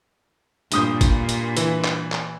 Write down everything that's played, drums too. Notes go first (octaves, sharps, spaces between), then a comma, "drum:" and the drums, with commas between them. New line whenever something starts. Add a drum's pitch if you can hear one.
G2 A#2 D#6 G6, drum: hi-hat
drum: kick, hi-hat
drum: hi-hat
E3, drum: hi-hat
drum: clap
drum: clap